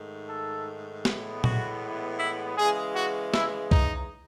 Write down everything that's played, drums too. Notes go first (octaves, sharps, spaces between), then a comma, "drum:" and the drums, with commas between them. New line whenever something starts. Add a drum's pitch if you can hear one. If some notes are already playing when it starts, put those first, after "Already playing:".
Already playing: G#2 D#3 A3
A4
A2 E3 G#3 B3, drum: snare
F#4, drum: tom A#2
E4
C#3 E3 G#3 G#4
F#4
E4, drum: snare
D#4, drum: kick C2